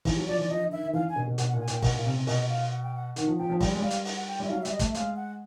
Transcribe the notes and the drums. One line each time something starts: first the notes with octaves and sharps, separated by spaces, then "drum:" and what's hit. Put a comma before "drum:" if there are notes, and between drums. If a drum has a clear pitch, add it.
E3, drum: kick, open hi-hat
F#3
F3 D5
E3 D5
F3 D#5
D3
D#3 E5
D#3
E3 F5
D3 G#5
B2
B2
B2 F#5, drum: hi-hat
F#5
A#2
G#5
A#2 G5, drum: hi-hat
B2 F#5, drum: kick, open hi-hat
A#2 F5
C3
C3
B2 D#5, drum: open hi-hat
F5
F#5
G5
F#5
D#3 F#5, drum: hi-hat
F3
F3 G5
F3
G3 G5, drum: kick, open hi-hat
G#3
G3 F5
drum: hi-hat
F#5, drum: open hi-hat
F#5
G5
G3 E5
F#3 F5
E5
G3, drum: hi-hat
D#5
A3 E5, drum: kick, hi-hat
G#3 F5, drum: hi-hat
F#5